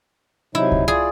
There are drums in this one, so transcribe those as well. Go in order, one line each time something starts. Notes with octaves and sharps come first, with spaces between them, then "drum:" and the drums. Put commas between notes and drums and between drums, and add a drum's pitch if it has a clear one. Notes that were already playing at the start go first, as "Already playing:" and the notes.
C3 F#3 D#4 E4
drum: kick C#2
F4 G#4 D5